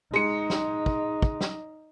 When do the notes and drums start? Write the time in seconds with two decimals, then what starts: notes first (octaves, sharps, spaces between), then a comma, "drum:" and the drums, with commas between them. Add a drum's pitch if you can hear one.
0.14 G#3 D#4 C#7
0.50 drum: snare
0.86 drum: kick
1.22 drum: kick
1.41 drum: snare